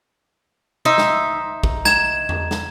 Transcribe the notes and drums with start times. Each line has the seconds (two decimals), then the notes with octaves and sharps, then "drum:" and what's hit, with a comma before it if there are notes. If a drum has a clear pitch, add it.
0.85 D#4 C5 E5
0.98 drum: snare
1.64 drum: kick
1.85 A#5 G#6 E7, drum: snare
2.29 drum: tom E2
2.51 drum: snare